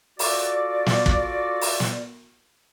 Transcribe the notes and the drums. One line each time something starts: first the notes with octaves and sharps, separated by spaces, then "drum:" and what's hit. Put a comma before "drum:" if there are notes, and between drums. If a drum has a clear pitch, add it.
F4 F#4 A4 D5, drum: open hi-hat
drum: snare
drum: kick
drum: open hi-hat
drum: snare